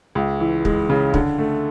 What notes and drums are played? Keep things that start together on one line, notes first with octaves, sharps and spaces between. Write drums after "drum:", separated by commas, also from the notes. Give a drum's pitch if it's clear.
C#2
E3
G#3, drum: kick
C#3
D3, drum: kick
A3